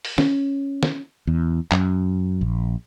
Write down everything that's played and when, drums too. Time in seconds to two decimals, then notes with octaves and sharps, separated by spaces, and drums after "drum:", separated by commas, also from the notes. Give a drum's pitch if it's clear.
0.05 drum: open hi-hat
0.18 C#4, drum: snare
0.83 drum: snare
1.27 E2
1.72 F#2, drum: clap
2.41 A#1